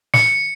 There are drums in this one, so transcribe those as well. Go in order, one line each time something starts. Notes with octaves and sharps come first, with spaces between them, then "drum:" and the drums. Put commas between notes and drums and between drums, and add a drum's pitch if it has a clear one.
C#7, drum: snare